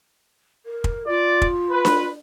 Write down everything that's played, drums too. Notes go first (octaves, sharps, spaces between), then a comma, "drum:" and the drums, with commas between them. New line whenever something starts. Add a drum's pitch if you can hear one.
A#4
drum: kick
F4 D5
drum: kick
B4
drum: snare D4